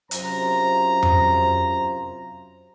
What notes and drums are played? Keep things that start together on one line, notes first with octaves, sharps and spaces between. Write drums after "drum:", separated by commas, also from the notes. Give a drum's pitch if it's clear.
F#2 C3 F4 C5 A#5, drum: hi-hat
drum: tom F2